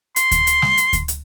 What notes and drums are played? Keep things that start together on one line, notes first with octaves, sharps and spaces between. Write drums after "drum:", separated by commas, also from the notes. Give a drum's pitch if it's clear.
C6, drum: hi-hat
drum: kick D2, hi-hat
drum: hi-hat
drum: snare
drum: hi-hat
drum: kick D2, hi-hat
drum: hi-hat